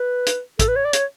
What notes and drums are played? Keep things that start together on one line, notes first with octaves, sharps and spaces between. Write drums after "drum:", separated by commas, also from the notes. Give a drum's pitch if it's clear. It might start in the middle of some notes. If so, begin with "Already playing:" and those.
Already playing: B4
drum: hi-hat
A4, drum: kick, hi-hat
B4
C#5
D5
C#5, drum: hi-hat